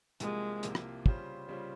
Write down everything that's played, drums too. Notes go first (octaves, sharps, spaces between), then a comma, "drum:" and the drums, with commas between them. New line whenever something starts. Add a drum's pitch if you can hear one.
C2 C3 F3 G#3 A#3 F4, drum: hi-hat
C2 C3 F3 A#3 F4, drum: hi-hat
drum: rim click
C#3 G3 C#4 F4 C5, drum: kick
C#3 G3 C#4 F4 C5